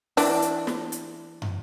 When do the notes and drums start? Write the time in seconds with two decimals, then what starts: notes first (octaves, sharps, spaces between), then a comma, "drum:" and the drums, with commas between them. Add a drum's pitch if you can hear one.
0.17 E3 D4, drum: open hi-hat
0.42 drum: hi-hat
0.67 drum: snare
0.92 drum: hi-hat
1.42 drum: tom